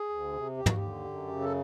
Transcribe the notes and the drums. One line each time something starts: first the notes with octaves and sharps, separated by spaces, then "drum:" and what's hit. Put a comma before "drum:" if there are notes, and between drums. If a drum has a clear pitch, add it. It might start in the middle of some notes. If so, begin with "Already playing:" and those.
Already playing: G#4
D2
C3
D#2 G4
F#4, drum: tom
G4
D3
F#2
C#3
A4